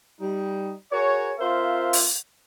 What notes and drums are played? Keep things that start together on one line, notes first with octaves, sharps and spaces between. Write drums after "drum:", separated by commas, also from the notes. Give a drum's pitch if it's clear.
G3 D#4
F#4 G#4 A#4 C#5
C4 F4 A#4 C5 E5 F5
drum: open hi-hat